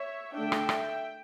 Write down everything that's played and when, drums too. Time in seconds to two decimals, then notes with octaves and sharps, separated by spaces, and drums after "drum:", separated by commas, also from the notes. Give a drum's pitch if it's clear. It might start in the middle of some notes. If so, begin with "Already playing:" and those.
Already playing: C#5 E5
0.35 D3 A3 D4 E5 G5
0.52 drum: rim click
0.69 drum: rim click